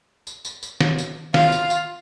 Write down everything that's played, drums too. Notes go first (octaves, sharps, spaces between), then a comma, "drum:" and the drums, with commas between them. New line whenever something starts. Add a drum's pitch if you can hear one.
drum: tambourine
drum: tambourine
drum: tambourine
drum: snare
drum: tambourine
F4 F5, drum: snare
drum: tambourine
drum: tambourine